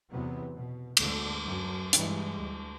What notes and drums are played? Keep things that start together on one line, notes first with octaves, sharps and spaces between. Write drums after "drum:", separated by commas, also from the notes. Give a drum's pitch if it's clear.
E2 C3 F#3 B3
B2
G1 D2 D3 G#3, drum: cymbal
F#2 F#3
G2 E3 G3 G#3, drum: hi-hat
D2